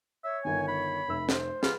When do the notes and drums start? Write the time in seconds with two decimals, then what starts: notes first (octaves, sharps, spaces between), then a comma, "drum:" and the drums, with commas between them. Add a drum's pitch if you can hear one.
0.24 C#5 E5
0.45 G1 D#3 G#5
0.68 B5
1.08 F1 E5 E6
1.29 C5, drum: snare
1.63 F4 G#4 B4 B5, drum: snare